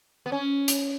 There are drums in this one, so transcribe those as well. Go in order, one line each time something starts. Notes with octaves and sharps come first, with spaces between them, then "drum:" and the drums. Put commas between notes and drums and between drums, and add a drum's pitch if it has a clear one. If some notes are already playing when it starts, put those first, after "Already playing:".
B3
C#4
drum: hi-hat